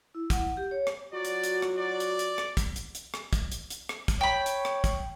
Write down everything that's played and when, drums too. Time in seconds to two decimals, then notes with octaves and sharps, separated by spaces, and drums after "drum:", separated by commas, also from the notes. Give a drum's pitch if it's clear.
0.15 E4
0.30 F#5, drum: kick, hi-hat
0.57 G4
0.71 C#5
0.87 drum: rim click
1.13 F#3 F4 F#4 D5
1.25 drum: hi-hat
1.44 drum: hi-hat
1.62 drum: rim click
1.78 D5
2.00 drum: hi-hat
2.19 drum: hi-hat
2.38 drum: rim click
2.57 drum: kick, hi-hat
2.76 drum: hi-hat
2.95 drum: hi-hat
3.14 drum: rim click
3.33 drum: kick, hi-hat
3.52 drum: hi-hat
3.70 drum: hi-hat
3.89 drum: rim click
4.08 drum: kick, hi-hat
4.21 C#5 G5 B5
4.46 drum: hi-hat
4.65 drum: rim click
4.84 drum: kick, hi-hat